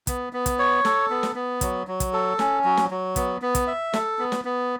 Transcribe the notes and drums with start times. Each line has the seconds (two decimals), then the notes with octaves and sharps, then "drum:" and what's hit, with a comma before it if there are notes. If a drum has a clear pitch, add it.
0.07 B3, drum: kick, hi-hat
0.33 B3
0.46 drum: kick, hi-hat
0.59 C#5
0.85 A4, drum: snare
1.10 B3
1.23 drum: snare
1.35 B3
1.61 F#3, drum: kick, hi-hat
1.87 F#3
2.00 drum: kick, hi-hat
2.13 A4
2.39 C#4, drum: snare
2.64 F#3
2.77 drum: snare
2.91 F#3
3.16 B3, drum: kick, hi-hat
3.42 B3
3.55 drum: kick, hi-hat
3.67 E5
3.93 A4, drum: snare
4.19 B3
4.32 drum: snare
4.45 B3